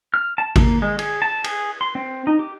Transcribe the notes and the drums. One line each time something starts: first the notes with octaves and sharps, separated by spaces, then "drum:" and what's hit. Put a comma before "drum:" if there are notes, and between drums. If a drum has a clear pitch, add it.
F6
A5
A#3, drum: kick A1, cymbal
G#3
G#4, drum: cymbal
A5
G#4, drum: cymbal
C6
C4
D#4
G4